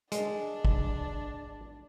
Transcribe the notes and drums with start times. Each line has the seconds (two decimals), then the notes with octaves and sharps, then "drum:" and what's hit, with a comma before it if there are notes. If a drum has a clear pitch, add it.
0.12 G#3 D4 D5, drum: hi-hat
0.65 drum: kick